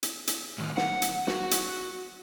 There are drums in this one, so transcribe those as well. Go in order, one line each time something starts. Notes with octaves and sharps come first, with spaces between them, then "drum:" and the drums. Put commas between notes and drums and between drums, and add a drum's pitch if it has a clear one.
drum: hi-hat
drum: hi-hat
A2 D#3
F#5, drum: snare
drum: hi-hat
F#4, drum: snare
drum: hi-hat